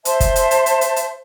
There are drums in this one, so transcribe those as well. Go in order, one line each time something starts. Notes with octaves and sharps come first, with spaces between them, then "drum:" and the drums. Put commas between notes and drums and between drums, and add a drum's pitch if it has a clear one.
C5 E5 A5 C6, drum: hi-hat
drum: kick, hi-hat
drum: hi-hat
drum: hi-hat
drum: hi-hat
drum: hi-hat
drum: hi-hat